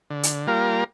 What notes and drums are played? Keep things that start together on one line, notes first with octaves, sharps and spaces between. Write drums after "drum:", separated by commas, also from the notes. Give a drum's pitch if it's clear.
D3
drum: hi-hat
G3 A#3 F4 A#4